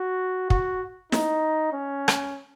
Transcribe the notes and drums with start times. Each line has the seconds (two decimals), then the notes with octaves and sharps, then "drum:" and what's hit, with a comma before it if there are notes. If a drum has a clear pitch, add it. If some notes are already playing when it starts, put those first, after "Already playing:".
Already playing: F#4
0.50 F#4, drum: kick
1.12 D#4, drum: snare
1.73 C#4
2.08 drum: rim click